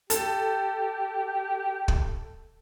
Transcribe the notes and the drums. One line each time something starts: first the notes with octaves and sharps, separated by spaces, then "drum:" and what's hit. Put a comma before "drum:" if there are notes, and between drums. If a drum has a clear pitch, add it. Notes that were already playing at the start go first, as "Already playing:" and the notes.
G4 A4, drum: hi-hat
drum: kick